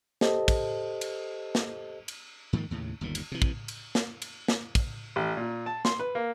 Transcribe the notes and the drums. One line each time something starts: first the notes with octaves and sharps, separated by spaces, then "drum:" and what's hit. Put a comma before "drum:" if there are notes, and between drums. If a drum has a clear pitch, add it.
G4 A4 C5 D#5 A5, drum: snare
drum: kick, cymbal
drum: cymbal
drum: snare
drum: cymbal
G#2 D#3 F3 A#3
D#2 A2 C#3
G1 D#2 A#2
drum: cymbal
C3 E3
drum: kick
drum: cymbal
drum: snare
drum: cymbal
drum: snare
drum: kick, cymbal
A1
A#2
A5
C6, drum: snare
B4
A#3